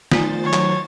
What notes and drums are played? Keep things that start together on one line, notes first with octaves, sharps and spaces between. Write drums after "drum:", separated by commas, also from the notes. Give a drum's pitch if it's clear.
D#3 A3 F4 C5 G#5 A6, drum: snare
F#3 C#5
drum: clap